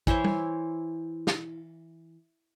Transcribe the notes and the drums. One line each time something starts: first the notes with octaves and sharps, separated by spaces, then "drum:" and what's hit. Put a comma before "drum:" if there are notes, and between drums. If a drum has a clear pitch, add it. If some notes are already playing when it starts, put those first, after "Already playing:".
E3 E4 C5 C#5, drum: kick
drum: tom
drum: snare